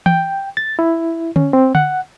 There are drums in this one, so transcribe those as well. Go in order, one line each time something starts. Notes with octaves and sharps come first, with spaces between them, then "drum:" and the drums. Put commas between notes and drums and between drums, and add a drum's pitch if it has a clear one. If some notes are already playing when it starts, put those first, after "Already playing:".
G5, drum: tom E3
A6
E4
C#4, drum: tom D3
C4
F#5, drum: tom D3